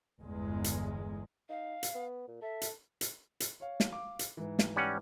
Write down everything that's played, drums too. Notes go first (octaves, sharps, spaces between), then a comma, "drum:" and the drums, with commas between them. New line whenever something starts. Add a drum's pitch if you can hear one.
G1 E2 G#3
drum: hi-hat
D#4 F5
drum: hi-hat
B3
A#2
A4 E5
drum: hi-hat
drum: hi-hat
drum: hi-hat
C#5 F5
drum: snare
F5 D6
drum: hi-hat
G#2 E3
drum: snare
G3 C#4 F#5